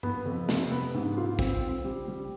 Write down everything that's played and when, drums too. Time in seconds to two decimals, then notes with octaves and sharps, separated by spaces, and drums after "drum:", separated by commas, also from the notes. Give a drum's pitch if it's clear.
0.03 B3, drum: tom G2
0.25 F2
0.49 C3, drum: snare
0.71 B3
0.94 G#2
1.17 F4
1.39 C4, drum: kick, hi-hat
1.63 C4
1.84 G3
2.08 G3